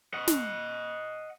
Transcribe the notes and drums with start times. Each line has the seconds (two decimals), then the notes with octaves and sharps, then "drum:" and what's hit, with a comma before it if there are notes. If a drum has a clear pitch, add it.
0.14 D#5 F#5
0.28 drum: snare